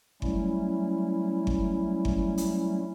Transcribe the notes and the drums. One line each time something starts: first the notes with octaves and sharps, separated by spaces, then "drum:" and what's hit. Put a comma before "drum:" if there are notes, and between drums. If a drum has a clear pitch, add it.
F#3 G3 A3 C#4 E4, drum: kick G1
drum: kick G1
drum: kick G1
drum: hi-hat